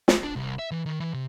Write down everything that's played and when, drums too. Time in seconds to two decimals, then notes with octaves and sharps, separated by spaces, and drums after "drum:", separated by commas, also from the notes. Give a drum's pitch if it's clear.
0.08 drum: snare
0.23 D4
0.36 C2
0.59 E5
0.71 E3
0.86 D#3
1.00 E3
1.14 C3